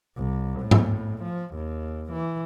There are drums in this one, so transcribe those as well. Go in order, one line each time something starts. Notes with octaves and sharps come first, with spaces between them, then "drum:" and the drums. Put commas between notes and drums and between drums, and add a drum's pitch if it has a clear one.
C2
A2
drum: tom G#2
F3
D#2
E3